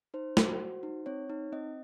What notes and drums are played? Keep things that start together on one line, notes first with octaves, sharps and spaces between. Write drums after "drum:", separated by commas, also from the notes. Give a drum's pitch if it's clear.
D#4 C5
F#4, drum: snare
F#4
D#4
C4 C#5
D#4
C4 D#5